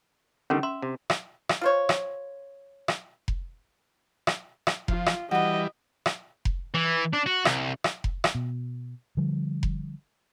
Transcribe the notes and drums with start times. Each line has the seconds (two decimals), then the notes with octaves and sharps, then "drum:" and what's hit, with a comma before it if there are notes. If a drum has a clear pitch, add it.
0.50 D3 D#3 G3 C#4
0.63 E5 C6
0.82 C3
1.10 drum: rim click
1.49 drum: rim click
1.61 F4 C5 C#5
1.89 drum: rim click
2.88 drum: rim click
3.28 drum: kick F1
4.27 drum: rim click
4.67 drum: rim click
4.88 F3 F4, drum: kick F1
5.06 drum: rim click
5.31 E3 G3 F#4 B4 D#5
6.06 drum: rim click
6.45 drum: kick F1
6.75 E3
7.13 D4
7.26 F#4
7.45 C2, drum: rim click
7.84 drum: rim click
8.04 drum: kick F1
8.24 drum: rim click
8.35 B2
9.17 D3 F3 G3
9.63 drum: kick F1